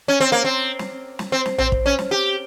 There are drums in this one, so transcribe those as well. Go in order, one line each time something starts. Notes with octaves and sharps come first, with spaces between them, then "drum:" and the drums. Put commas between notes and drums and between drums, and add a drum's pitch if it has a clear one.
C#4
C4
A#3
C4
drum: snare
drum: snare
C4
drum: snare
C4, drum: tom A#1
drum: kick
C#4
drum: snare
G4